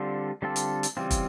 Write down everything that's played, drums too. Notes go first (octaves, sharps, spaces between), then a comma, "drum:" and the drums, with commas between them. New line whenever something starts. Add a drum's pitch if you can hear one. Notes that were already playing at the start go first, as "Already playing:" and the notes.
Already playing: D3 G3 C4 F4 A4
D3 G3 C4 F4 A4
drum: hi-hat
drum: hi-hat
C#3 E3 G3 C4 F4
drum: kick, hi-hat